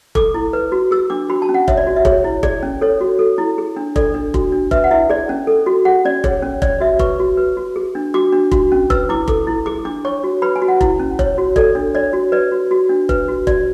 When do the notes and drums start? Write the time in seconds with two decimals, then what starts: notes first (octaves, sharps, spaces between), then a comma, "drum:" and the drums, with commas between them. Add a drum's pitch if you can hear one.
0.15 A4 D6, drum: kick F1
0.34 E4
0.53 B4
0.72 F#4
0.91 G#4 E6
1.10 D4 D6
1.30 F#4 B5
1.42 A5
1.49 C#4
1.54 F#5
1.68 C#5 E5, drum: kick F1
1.77 D5
1.87 F#4
1.96 E5
2.05 G#4 C#5, drum: kick F1
2.24 E4
2.43 G#4 D5, drum: kick F1
2.63 C#4
2.81 A4 C#5
3.01 F#4
3.19 A4
3.38 E4
3.58 G#4
3.76 D4
3.96 A4 D5, drum: kick F1
4.14 D4
4.34 F#4, drum: kick F1
4.52 D4
4.71 B4 E5, drum: kick F1
4.84 F#5
4.91 E4 E5
5.10 G#4 D5
5.29 C#4
5.47 A4
5.66 F#4
5.85 G#4 F#5
6.05 C#4 D5
6.24 G#4 C#5, drum: kick F1
6.43 C#4
6.62 C#5 D5, drum: kick F1
6.80 F#4 E5
6.99 B4 C#6, drum: kick F1
7.19 F#4
7.37 B4
7.57 F#4
7.76 G#4
7.95 D4
8.14 F#4 D6
8.33 D4
8.52 F#4, drum: kick F1
8.72 C#4
8.90 B4 E6, drum: kick F1
9.09 E4 D6
9.28 A4 D6, drum: kick F1
9.47 E4
9.66 G#4 D6
9.85 D4 D6
10.05 C#5 C#6
10.24 F#4
10.42 B4 B5
10.56 G#5
10.62 F#4
10.68 F#5
10.81 E4, drum: kick F1
11.00 C#4
11.19 C#5, drum: kick F1
11.38 F#4
11.56 A4 D5, drum: kick F1
11.75 D4
11.95 C#5 D5
12.13 F#4
12.32 B4 D5
12.52 F#4
12.71 F#4
12.89 D4
13.09 B4, drum: kick F1
13.28 F#4
13.47 F#4 D5, drum: kick F1